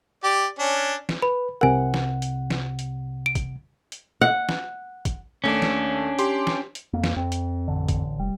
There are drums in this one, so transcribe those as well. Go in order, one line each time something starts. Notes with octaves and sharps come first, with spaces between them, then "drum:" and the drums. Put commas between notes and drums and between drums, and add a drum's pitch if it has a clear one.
G4 D5
C#4 D4
drum: snare
B4 B5
C2 C3 A#4 F#5 G#5
drum: snare
drum: hi-hat
drum: snare
drum: hi-hat
D7
drum: kick, hi-hat
drum: hi-hat
F#5
drum: snare
drum: kick, hi-hat
D#2 A3 C#4 D4
drum: snare
G4 C6, drum: hi-hat
drum: snare
drum: hi-hat
F2 A#3
drum: snare
F2 C4
drum: hi-hat
A1 D3
drum: kick, hi-hat
F1 G3